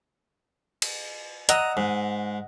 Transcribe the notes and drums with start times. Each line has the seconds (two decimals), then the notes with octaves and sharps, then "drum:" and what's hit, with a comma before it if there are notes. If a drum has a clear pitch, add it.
0.82 drum: cymbal
1.49 D#5 F#5 A#5 E6, drum: hi-hat
1.77 G#2